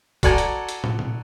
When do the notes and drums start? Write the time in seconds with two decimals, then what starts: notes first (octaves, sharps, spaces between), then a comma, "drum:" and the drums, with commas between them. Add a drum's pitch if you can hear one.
0.23 F#4 A4 D5 F#5 G#5 A#5, drum: kick, hi-hat
0.38 drum: hi-hat
0.69 drum: hi-hat
0.84 drum: tom
0.99 drum: tom